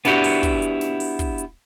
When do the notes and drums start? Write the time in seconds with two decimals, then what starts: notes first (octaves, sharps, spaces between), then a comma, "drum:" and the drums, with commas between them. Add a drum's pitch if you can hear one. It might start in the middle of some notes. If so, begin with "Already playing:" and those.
0.05 B3 D4 E4 F#4 G4, drum: snare
0.24 drum: open hi-hat
0.43 drum: kick, hi-hat
0.62 drum: hi-hat
0.81 drum: snare
1.00 drum: open hi-hat
1.19 drum: kick, hi-hat
1.38 drum: hi-hat